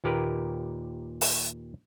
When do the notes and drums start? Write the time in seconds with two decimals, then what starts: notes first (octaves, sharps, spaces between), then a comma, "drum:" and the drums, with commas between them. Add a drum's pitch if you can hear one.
0.04 D#2 A#2 G4 A#4 B4
1.21 drum: open hi-hat